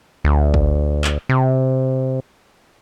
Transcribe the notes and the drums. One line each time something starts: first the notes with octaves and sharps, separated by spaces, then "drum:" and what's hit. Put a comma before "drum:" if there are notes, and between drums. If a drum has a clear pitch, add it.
D2
drum: kick
drum: clap
C3